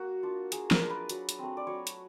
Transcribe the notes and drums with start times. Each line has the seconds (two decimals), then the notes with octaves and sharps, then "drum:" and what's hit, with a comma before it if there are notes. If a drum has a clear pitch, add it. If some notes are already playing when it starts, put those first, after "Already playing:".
Already playing: A#3 F#4
0.23 D4 F4
0.52 A#3 G#4, drum: hi-hat
0.71 A#4, drum: snare
0.81 D4 F4
0.90 B4
1.09 F#3, drum: hi-hat
1.29 drum: hi-hat
1.39 A3 C4
1.57 D5
1.67 F#3 C#5
1.87 drum: hi-hat